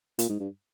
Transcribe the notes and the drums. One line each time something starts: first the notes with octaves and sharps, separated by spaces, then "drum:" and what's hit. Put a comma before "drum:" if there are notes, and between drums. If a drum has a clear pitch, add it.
A#2, drum: hi-hat
G#2
G2